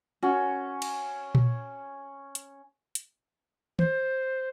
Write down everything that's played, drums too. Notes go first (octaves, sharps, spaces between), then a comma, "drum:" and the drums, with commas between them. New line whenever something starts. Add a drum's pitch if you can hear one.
C#4 F#4
drum: cymbal
drum: tom A#2
drum: hi-hat
drum: hi-hat
C5, drum: tom